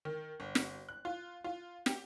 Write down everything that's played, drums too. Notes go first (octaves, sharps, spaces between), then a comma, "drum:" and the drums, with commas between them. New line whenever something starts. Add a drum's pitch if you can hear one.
D#3
G1
drum: snare
F#6
F4
F4
G4, drum: snare